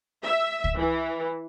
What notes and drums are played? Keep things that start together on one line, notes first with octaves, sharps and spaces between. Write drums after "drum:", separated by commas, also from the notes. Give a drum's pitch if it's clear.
E5
drum: kick C#2
E3